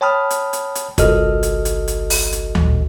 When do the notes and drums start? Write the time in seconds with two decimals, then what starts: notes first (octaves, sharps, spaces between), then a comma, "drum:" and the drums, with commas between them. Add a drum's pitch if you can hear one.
0.01 C#5 G5 A5 B5 D#6 F6
0.30 drum: hi-hat
0.53 drum: hi-hat
0.75 drum: hi-hat
0.98 G1 C2 F#4 A4 D#5 F6, drum: kick, hi-hat
1.43 drum: hi-hat
1.65 drum: hi-hat
1.88 drum: hi-hat
2.10 drum: open hi-hat
2.32 drum: hi-hat
2.55 drum: tom D2